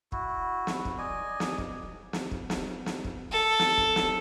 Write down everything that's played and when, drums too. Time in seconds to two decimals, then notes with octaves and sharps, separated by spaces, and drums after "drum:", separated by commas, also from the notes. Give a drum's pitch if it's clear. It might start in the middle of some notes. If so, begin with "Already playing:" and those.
0.12 E4 F#4, drum: kick
0.67 drum: snare
0.85 drum: kick
0.98 D5 D#5 G#5
1.40 drum: snare
1.58 drum: kick
2.13 drum: snare
2.31 drum: kick
2.50 drum: snare
2.86 drum: snare
3.05 drum: kick
3.32 A4
3.59 drum: snare
3.78 drum: kick
3.96 drum: snare